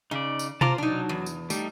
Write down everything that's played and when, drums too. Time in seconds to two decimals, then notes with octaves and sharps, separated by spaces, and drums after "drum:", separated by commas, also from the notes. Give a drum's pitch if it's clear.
0.11 C#3 D#4 D5
0.39 drum: tambourine
0.61 F4 C5 A5 A#5 D6, drum: tom B2
0.78 F#3 D4 D#4
1.09 E2
1.26 drum: tambourine
1.50 G3 A3 D#4, drum: tambourine